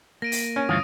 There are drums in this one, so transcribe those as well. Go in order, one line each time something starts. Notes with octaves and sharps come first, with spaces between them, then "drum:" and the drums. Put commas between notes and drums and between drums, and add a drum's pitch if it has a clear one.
A#3 A#6 D7 D#7
drum: open hi-hat
C#4
D2 G2 E3 E4 F4 D#6